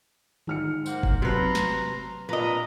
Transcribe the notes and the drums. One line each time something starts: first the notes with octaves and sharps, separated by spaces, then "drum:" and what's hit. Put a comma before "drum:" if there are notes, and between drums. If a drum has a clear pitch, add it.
G#2 F6 C#7, drum: tom D3
A#3 C5 F#5, drum: tambourine
drum: kick F#1
C3 F#3 B4 A#5 C6
drum: snare
A#2 D4 B4 D#5 F5 A#5